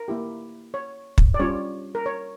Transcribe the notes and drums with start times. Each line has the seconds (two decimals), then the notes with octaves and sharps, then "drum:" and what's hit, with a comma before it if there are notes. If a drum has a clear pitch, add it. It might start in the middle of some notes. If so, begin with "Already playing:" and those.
Already playing: A#4
0.08 A#3 E4 G4
0.74 C#5
1.18 drum: kick
1.34 D5
1.39 G3 C#4 F4 C#5
1.95 A#4
2.06 C#5